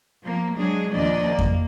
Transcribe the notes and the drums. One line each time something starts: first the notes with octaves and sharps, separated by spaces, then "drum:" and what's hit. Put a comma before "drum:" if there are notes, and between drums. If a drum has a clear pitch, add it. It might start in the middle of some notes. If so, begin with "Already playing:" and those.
F3 A#3
F#3 G#3 D4 G#4
D#2 A#2 F3 D4 D5 D#5
A#3
drum: kick F2